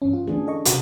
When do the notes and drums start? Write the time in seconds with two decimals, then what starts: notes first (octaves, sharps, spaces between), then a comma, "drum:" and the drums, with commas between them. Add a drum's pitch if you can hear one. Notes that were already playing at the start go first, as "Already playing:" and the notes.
0.02 G2 E3 C#4
0.13 F4
0.28 E3 A3 C#4 D4 G#4
0.47 A4 D#5 C#6
0.65 C3 F#4, drum: hi-hat